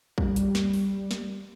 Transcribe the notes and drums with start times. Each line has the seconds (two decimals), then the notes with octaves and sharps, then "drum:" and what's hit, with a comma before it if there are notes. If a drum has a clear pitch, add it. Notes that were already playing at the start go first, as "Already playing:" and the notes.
0.18 G3, drum: kick
0.36 drum: hi-hat
0.55 drum: snare
0.73 drum: open hi-hat
1.11 drum: snare